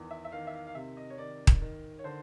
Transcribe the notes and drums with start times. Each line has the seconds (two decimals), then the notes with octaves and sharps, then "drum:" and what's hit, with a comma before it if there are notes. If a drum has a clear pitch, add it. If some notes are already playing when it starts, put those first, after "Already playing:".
Already playing: E2 D#3
0.11 E5
0.25 E5
0.32 D#3 F5
0.47 E5
0.55 F5
0.67 F5
0.75 C3 E5
0.97 D#5
1.10 C#5
1.18 D#3 D5
1.47 drum: kick D#1
1.62 D#3
1.99 C#5
2.04 D3 C5